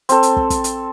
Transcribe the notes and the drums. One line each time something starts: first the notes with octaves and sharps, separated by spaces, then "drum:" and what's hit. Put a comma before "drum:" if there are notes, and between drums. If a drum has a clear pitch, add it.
C4 A4, drum: hi-hat
drum: hi-hat
drum: kick
drum: kick, hi-hat
drum: hi-hat